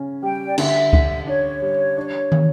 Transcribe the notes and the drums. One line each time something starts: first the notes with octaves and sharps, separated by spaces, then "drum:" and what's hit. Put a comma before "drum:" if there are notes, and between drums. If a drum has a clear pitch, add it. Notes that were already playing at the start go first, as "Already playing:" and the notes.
Already playing: C#3 C#4
G3 G5
D5
D3 E5, drum: cymbal
D3, drum: kick C#2
D4 C#5
G3
D4
drum: tom